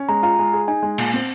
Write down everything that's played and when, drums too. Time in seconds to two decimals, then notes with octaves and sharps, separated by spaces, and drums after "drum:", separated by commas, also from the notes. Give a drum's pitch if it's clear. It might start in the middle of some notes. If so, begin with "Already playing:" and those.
Already playing: C#4
0.09 G#3 A#5
0.23 F4 A#5
0.39 G#3
0.53 G#4
0.68 D#4 G#5
0.83 G#3
0.98 A#2, drum: cymbal
1.14 C4